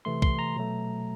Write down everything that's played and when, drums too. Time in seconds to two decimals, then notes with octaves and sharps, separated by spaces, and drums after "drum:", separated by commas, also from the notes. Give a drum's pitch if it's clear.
0.05 C3 E3 A3 C6
0.22 C6, drum: kick
0.39 A#5
0.56 B2 F#3 A3